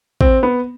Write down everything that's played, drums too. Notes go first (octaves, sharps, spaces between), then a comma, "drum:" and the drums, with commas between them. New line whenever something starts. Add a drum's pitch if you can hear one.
C4, drum: kick A1
B3